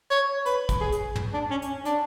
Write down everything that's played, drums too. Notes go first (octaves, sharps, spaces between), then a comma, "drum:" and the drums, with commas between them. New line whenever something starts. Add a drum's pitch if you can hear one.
C#5
B4, drum: hi-hat
drum: kick, hi-hat
G#4
drum: hi-hat
drum: tom
D4
C#4
drum: hi-hat
D4, drum: hi-hat